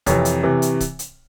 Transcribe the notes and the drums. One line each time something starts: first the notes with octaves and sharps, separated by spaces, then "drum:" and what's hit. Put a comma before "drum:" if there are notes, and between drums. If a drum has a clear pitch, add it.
F2 C3 E3 C#5, drum: kick C#1, hi-hat
drum: hi-hat
C3 E3
drum: hi-hat
drum: kick C#1, hi-hat
drum: hi-hat